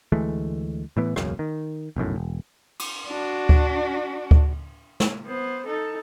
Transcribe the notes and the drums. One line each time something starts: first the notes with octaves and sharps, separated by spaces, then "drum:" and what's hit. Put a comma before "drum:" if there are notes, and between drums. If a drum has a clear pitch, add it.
D2 E3 G#3 A3
A2 E3 B3
E1 C#2 F#2 C#3, drum: rim click
D#3
F1 B1 F#2 A2
E1
drum: cymbal
D4 F#4
drum: kick D2
drum: kick D2
drum: snare
B3 C5
D#4 A4